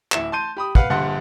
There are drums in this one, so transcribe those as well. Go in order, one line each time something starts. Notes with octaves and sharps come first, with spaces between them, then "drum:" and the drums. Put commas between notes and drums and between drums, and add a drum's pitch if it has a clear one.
D1 E4 E7, drum: clap
A5 C6 G6 D#7
G4 B5 D#6
B4 F5 F#5 F#6, drum: kick
A#1 G2 D3 F#5 C6